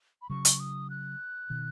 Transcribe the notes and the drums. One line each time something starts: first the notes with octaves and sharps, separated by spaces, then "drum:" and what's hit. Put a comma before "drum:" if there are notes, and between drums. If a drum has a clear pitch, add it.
B5
C#3 F#3 C#6
drum: hi-hat
D#6
F#6
B2 D#3